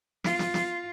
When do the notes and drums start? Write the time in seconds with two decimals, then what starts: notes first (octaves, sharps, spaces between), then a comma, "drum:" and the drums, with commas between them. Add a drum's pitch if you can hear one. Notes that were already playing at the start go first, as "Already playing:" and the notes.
0.24 F4, drum: snare
0.39 drum: snare
0.54 drum: snare